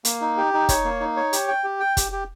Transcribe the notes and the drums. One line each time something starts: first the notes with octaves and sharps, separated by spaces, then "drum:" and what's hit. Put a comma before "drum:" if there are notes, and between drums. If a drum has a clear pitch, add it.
A#3, drum: hi-hat
D#4
G4
D#4
C#5, drum: kick, hi-hat
A#3
D#4
C#5
G4, drum: hi-hat
G5
G4
G5
G4, drum: kick, hi-hat
G4